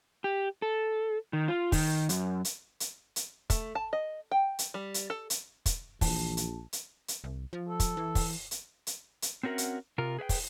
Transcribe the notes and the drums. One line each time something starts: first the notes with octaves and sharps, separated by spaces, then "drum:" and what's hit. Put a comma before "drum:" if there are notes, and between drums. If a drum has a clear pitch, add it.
G4
A4
D#3
F4
D#3, drum: kick, open hi-hat
F#2, drum: hi-hat
drum: hi-hat
drum: hi-hat
drum: hi-hat
A3, drum: kick, hi-hat
A5
D#5
G5
drum: hi-hat
G3
drum: hi-hat
A4
drum: hi-hat
drum: kick, hi-hat
A#1 E3 A5, drum: kick, open hi-hat
drum: hi-hat
drum: hi-hat
drum: hi-hat
C2
F3
A4
drum: kick, hi-hat
E3
drum: kick, open hi-hat
drum: hi-hat
drum: hi-hat
drum: hi-hat
C4 C#4 F#4 A#4 E5 F#5
drum: hi-hat
C3 F4 A#4
G#4 B4 E5 G5
drum: kick, open hi-hat